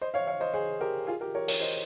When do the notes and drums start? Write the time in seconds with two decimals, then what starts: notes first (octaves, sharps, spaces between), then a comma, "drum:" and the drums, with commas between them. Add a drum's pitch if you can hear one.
0.01 C5 D#5
0.14 C#5 F5
0.27 C#5 F5
0.41 C5 D#5
0.54 G#4 C5
0.81 G4 A#4
1.07 F4 G#4
1.21 G4 A#4
1.35 A#4 C#5
1.48 A#4 C#5, drum: open hi-hat
1.61 C5 D#5